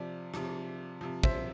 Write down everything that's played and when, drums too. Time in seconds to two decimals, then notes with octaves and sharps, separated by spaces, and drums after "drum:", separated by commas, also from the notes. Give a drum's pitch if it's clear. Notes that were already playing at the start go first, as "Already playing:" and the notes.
Already playing: C3 F3 D5
0.34 C3 F3, drum: rim click
1.01 C3 F3
1.23 C5 E5, drum: kick